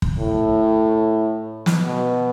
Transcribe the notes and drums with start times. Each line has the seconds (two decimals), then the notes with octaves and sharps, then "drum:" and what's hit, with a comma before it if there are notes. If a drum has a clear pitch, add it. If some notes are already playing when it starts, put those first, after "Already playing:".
0.02 drum: kick
0.18 A2
1.66 drum: snare
1.84 B2